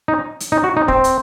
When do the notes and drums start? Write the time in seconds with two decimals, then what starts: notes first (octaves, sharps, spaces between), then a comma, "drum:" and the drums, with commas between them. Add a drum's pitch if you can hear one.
0.08 D#4
0.40 drum: hi-hat
0.52 D#4
0.64 F#4
0.76 D#4
0.88 C4, drum: kick
1.04 drum: hi-hat